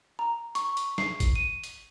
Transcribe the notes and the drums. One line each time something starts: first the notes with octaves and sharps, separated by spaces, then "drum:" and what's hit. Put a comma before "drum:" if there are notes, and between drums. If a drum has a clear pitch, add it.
A#5
C#6, drum: hi-hat
drum: hi-hat
C7, drum: snare
drum: kick, hi-hat
D#7
drum: hi-hat